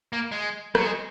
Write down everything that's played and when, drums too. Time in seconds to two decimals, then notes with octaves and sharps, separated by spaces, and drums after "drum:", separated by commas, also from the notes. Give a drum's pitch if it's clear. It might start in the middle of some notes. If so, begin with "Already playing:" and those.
0.13 A#3
0.32 G#3
0.75 F#3, drum: rim click
0.85 G#3